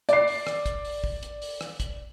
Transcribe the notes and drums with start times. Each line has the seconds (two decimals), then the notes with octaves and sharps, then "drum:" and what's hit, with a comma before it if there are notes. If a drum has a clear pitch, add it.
0.09 D5 C7, drum: hi-hat
0.28 drum: open hi-hat
0.47 drum: rim click
0.66 drum: kick, hi-hat
0.85 drum: open hi-hat
1.04 drum: kick
1.23 drum: hi-hat
1.42 drum: open hi-hat
1.61 drum: rim click
1.80 drum: kick, hi-hat